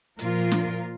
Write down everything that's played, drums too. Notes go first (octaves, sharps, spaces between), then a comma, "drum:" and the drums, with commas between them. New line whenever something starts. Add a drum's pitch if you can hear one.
A#2 F3 A#3 F4 A#4, drum: hi-hat
drum: snare